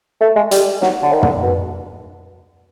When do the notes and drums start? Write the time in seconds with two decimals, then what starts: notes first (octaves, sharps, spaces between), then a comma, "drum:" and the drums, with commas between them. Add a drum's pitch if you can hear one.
0.21 A3
0.36 G#3
0.51 G3, drum: hi-hat
0.82 F#3, drum: snare
1.03 D3
1.13 D#3
1.23 D3, drum: tom
1.42 B2